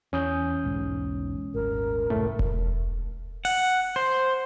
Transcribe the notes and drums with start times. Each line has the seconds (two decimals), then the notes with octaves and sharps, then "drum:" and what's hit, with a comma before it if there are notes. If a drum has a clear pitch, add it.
0.13 E2 C#4 D#6 G6
0.64 B1 E2 G#2
1.55 D#1 G#1 A#4
2.10 F#1 C#2 A2 A3
2.39 drum: kick E1
3.45 F#5, drum: open hi-hat
3.96 C5